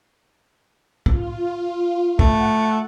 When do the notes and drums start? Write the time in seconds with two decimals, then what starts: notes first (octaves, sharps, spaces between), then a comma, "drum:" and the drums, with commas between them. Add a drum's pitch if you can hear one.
1.06 F4, drum: kick B1
2.19 A3 F#5, drum: kick B1